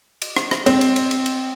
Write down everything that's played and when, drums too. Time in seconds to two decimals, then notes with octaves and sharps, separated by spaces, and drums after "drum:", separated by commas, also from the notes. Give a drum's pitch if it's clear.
0.22 drum: cymbal
0.36 drum: rim click
0.51 drum: rim click
0.66 C4, drum: cymbal
0.81 drum: cymbal
0.96 drum: cymbal
1.11 drum: cymbal
1.26 drum: cymbal